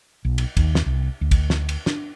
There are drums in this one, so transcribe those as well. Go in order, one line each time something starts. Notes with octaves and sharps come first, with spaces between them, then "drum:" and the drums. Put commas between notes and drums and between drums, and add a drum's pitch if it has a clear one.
B1
drum: cymbal
D#2, drum: kick, cymbal
drum: snare
C2
D2
drum: kick, cymbal
drum: snare
drum: cymbal
D4, drum: snare